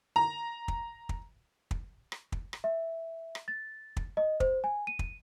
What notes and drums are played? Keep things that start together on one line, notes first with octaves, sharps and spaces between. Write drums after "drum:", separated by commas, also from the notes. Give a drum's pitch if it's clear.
A#5
drum: kick
drum: kick
drum: kick
drum: rim click
drum: kick
drum: rim click
E5
drum: rim click
A6
drum: kick
D#5
C5, drum: kick
G#5
D#7
drum: kick